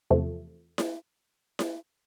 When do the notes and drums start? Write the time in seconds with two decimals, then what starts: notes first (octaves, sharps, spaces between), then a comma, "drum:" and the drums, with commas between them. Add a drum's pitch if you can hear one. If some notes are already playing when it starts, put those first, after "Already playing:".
0.10 E2 C3 F3 A3
0.78 drum: snare E4
1.59 drum: snare E4